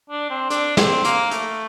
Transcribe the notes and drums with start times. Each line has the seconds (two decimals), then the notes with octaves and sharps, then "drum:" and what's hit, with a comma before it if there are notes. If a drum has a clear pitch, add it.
0.10 D4
0.30 C4
0.50 D4, drum: hi-hat
0.77 C4, drum: snare
1.04 A#3, drum: hi-hat
1.31 A3, drum: hi-hat